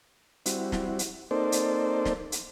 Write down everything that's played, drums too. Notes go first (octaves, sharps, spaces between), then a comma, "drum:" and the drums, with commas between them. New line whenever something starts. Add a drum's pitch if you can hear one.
G3 C4 E4 F#4, drum: hi-hat
drum: snare
drum: hi-hat
A#3 C4 D#4 A4 C5 D5
drum: hi-hat
drum: snare
drum: hi-hat